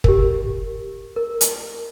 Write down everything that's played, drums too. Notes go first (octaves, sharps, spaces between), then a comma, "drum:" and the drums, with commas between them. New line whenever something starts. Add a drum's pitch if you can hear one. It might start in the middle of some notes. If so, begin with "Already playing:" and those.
G4 A#4, drum: kick
A#4
drum: hi-hat